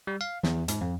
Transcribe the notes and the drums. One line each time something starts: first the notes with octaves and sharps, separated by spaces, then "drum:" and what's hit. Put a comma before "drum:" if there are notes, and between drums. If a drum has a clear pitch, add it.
G3
F5
E2, drum: snare
G#2, drum: hi-hat
F2